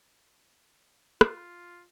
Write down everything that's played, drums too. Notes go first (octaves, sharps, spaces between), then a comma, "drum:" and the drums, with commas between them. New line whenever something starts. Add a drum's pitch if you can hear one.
F4, drum: rim click